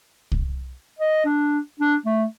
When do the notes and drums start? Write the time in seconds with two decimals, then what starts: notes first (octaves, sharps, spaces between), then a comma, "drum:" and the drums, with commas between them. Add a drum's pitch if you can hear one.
0.32 drum: kick C2
0.99 D#5
1.25 D4
1.80 D4
2.06 A3